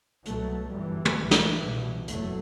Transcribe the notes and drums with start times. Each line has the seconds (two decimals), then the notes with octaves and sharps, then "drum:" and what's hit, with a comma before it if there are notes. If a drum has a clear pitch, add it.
0.25 C2 B2 F#3 A3, drum: hi-hat
0.71 G1 F#2 E3 G3
1.05 drum: tom
1.16 B1 A2
1.31 drum: snare
1.63 C2 B2
2.08 F#1 E2 F#3 A3, drum: hi-hat